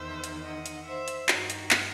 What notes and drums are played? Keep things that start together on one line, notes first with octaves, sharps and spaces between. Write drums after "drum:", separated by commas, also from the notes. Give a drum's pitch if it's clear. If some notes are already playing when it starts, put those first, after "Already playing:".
Already playing: E2 D#3 C5 E5
drum: hi-hat
D#5 F#5
drum: hi-hat
C5 E5
drum: hi-hat
G2 D#3 D#4 F#4, drum: clap
drum: hi-hat
drum: clap